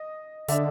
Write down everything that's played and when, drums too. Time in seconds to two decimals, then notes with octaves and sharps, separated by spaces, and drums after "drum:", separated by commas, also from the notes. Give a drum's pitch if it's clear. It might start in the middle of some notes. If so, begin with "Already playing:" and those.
Already playing: D#5
0.48 D3 D5 E5, drum: hi-hat